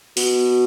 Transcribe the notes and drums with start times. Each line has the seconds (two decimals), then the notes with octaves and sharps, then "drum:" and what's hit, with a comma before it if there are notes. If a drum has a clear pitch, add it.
0.17 B2, drum: open hi-hat